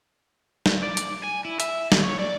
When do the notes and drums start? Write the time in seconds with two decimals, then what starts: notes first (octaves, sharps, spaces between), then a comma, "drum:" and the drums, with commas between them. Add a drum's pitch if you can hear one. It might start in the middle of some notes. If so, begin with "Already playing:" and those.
0.66 drum: snare
0.83 D5
0.97 drum: hi-hat
1.23 G#5
1.45 E4
1.60 E5, drum: hi-hat
1.92 D#2, drum: snare
2.03 C#5
2.19 D5